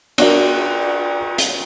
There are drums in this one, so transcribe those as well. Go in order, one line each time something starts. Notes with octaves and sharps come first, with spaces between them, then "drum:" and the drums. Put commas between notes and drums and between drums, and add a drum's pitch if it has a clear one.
D4 F#4 A#4 D5, drum: cymbal
drum: hi-hat